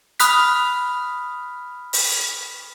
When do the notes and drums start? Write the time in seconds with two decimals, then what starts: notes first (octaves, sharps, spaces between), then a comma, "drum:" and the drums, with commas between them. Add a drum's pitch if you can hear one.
0.20 B5 D#6 F6 F#6 B6, drum: hi-hat
1.93 drum: open hi-hat